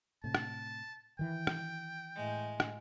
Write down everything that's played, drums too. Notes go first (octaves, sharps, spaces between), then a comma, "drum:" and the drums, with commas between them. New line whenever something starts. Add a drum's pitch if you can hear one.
A2 C3 A5
drum: rim click
D#3 E3 G5
drum: rim click
A2 G#3
drum: rim click